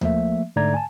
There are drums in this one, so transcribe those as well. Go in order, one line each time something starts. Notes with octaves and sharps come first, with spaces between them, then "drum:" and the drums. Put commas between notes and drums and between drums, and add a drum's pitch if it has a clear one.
F3 A3 A#3 E5, drum: tom D2
G#2 D3 A3 D5 A#5 G#6
G#5 A5